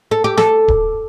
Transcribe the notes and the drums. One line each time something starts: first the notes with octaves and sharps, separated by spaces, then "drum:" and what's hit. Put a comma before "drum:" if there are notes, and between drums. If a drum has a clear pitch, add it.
A4
G4
A4, drum: snare
drum: kick D1